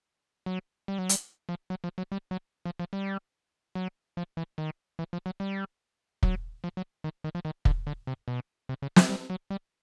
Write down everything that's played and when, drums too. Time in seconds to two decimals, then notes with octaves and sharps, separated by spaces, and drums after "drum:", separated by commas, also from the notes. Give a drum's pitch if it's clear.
0.46 F#3
0.88 G3
0.98 F#3
1.09 G3, drum: hi-hat
1.49 F3
1.70 F#3
1.84 F3
1.98 F#3
2.12 G3
2.31 F#3
2.65 F3
2.79 F3
2.93 G3
3.75 F#3
4.17 F3
4.37 E3
4.58 D#3
4.99 E3
5.13 F3
5.26 F#3
5.40 G3
6.23 F#3, drum: kick
6.64 F3
6.77 F#3
7.04 D#3
7.24 D#3
7.35 F3
7.45 D#3
7.65 D3, drum: kick
7.87 D3
8.07 C3
8.28 B2
8.69 C3
8.82 C#3
8.96 D3, drum: snare
9.09 G3
9.30 F#3
9.50 G3